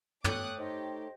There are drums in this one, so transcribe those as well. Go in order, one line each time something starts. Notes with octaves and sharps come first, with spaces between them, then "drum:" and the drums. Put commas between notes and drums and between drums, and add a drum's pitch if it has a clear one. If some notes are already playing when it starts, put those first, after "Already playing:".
A3 B3 C#5 G5 D6 D#6 F#6, drum: tom
D#4 G4 C5 D#5